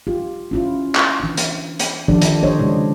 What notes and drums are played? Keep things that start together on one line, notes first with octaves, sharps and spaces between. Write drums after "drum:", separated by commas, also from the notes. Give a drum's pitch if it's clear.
F4 G4
C#4 E4 F4
drum: clap
E3 D4
drum: hi-hat
drum: hi-hat
D#3 F3 D4 G4 A4 D5
drum: hi-hat
D4 G4 A4 C5 C#5 D#5
C#3 G#3 E4 G4